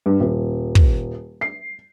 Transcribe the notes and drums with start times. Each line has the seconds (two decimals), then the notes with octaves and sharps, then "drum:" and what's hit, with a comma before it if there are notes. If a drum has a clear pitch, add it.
0.06 G2
0.20 D#1
0.75 drum: kick
1.41 C7